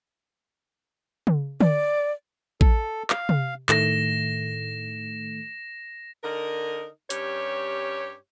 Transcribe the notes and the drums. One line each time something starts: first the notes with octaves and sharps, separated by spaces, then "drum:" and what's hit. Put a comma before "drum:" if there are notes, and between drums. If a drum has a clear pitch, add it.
drum: tom C#3
D5, drum: tom D3
A4, drum: kick A1
F5, drum: clap
drum: tom C3
A2 D#3 A3 A#6 E7, drum: clap
D3 D#4 A#4
G2 C#4 G4 C#5, drum: hi-hat